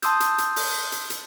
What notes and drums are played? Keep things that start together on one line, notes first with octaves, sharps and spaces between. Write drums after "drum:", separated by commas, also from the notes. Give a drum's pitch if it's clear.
A5 C6 D#6 E6 G6, drum: hi-hat
drum: hi-hat
drum: hi-hat
drum: open hi-hat
drum: hi-hat
drum: hi-hat